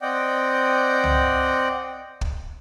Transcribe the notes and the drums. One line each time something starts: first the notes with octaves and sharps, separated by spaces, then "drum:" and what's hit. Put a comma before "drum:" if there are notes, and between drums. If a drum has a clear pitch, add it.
C4 D5 D#5 F#5 G5
drum: tom C2
drum: kick